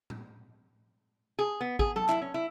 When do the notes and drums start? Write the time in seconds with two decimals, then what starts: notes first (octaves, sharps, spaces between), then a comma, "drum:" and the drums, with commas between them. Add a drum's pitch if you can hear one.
0.10 drum: tom A2
1.39 G#4
1.61 B3
1.79 G#4, drum: kick
1.96 A4, drum: tom F#3
2.09 E4, drum: clap
2.22 C#4
2.34 E4